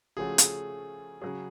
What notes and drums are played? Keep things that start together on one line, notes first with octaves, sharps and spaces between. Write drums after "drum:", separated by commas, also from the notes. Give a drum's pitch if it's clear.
C#3 F3 A3 C#4 F#4 G#4
drum: hi-hat
C#3 F#3 C#4 G#4